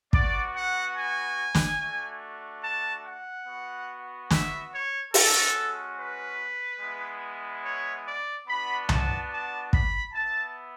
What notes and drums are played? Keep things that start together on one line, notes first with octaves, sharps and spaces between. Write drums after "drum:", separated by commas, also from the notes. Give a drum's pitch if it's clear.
B3 F#4 D5, drum: kick
F#5
G#5
drum: snare
A3 D4 F#4
A5
F#5
B3 F#4
E5, drum: snare
C#5
G#3 C#4 F#4 A4, drum: open hi-hat
B4
G#3 B3 E4
C#5
D5
B3 D4 F#4 B5
A5, drum: tom C2
A5
B5, drum: kick
B3 E4 A5